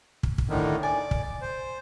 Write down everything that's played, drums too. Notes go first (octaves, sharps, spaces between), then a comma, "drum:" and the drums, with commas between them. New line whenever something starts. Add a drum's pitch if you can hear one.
drum: kick
drum: kick
A2 D3 D#3
D5 G#5
drum: kick
C5